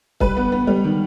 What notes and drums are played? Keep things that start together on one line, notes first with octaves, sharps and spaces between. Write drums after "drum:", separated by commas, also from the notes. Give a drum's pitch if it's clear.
G3 B4, drum: kick
B3
B3
G3
D#3